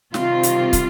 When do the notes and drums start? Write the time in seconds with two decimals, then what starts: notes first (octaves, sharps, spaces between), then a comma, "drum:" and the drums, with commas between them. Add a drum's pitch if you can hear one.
0.14 C3 D#3 G3 C4 F4, drum: snare
0.43 drum: hi-hat
0.73 drum: kick, hi-hat